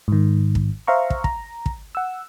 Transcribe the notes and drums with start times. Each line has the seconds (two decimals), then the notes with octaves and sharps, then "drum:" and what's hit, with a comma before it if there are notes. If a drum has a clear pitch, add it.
0.08 G#2 D#3
0.55 drum: kick
0.87 C5 E5 F5 A#5 C#6
1.10 drum: kick
1.24 A#5, drum: kick
1.66 drum: kick
1.95 F#5 E6